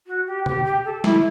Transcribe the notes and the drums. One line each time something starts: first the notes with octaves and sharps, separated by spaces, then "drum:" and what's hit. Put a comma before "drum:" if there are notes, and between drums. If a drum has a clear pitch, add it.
F#4
G4
G4, drum: tom
G4
A4
E4, drum: snare